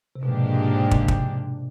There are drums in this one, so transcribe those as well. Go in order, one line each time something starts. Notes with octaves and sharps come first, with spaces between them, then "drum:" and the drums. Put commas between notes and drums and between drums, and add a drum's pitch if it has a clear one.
C3
G#2 B2 F3 A#3 D4 G4
C3, drum: kick
drum: kick